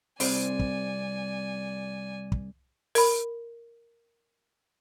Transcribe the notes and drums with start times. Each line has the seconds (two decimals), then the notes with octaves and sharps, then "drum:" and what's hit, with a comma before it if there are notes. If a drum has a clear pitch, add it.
0.20 C2 C4 C5 D5 G#5, drum: open hi-hat
0.59 drum: kick
2.32 drum: kick
2.95 A#4 B5, drum: open hi-hat